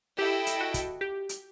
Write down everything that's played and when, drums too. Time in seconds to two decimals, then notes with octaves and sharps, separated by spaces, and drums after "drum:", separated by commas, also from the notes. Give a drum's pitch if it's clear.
0.19 E4 G4 A4 D#5 G5
0.47 drum: hi-hat
0.61 F#4
0.74 drum: kick, hi-hat
1.01 G4
1.29 drum: hi-hat